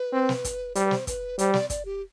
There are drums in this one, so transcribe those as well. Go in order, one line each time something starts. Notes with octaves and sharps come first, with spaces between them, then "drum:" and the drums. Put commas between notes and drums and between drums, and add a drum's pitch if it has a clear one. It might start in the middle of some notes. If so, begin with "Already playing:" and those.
Already playing: B4
C4
drum: snare
drum: kick, hi-hat
G3 C5, drum: hi-hat
B4
C5, drum: snare
B4, drum: kick, hi-hat
G3 C5, drum: hi-hat
D5, drum: snare
D5, drum: kick, hi-hat
G4